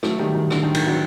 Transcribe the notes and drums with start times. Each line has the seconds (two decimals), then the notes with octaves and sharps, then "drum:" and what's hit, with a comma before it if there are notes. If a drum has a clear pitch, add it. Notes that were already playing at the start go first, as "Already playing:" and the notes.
0.03 F#3 A3, drum: rim click
0.19 D#3 G3
0.35 D#3
0.50 D3, drum: rim click
0.63 D#3
0.75 D#3, drum: cymbal
0.87 D3 F#3